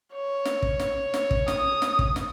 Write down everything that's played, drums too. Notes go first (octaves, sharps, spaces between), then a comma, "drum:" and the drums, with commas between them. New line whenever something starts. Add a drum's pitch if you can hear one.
C#5
drum: snare
drum: kick
drum: snare
drum: snare
drum: kick
D#6, drum: snare
drum: snare
drum: kick
drum: snare